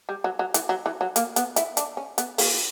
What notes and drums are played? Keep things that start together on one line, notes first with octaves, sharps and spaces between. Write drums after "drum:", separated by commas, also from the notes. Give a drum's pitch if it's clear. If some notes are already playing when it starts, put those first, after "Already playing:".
G3
F#3
F#3
E3, drum: hi-hat
F#3
E3
F#3
A#3, drum: hi-hat
B3, drum: hi-hat
E4, drum: hi-hat
D4, drum: hi-hat
C#4
B3, drum: hi-hat
A#3, drum: open hi-hat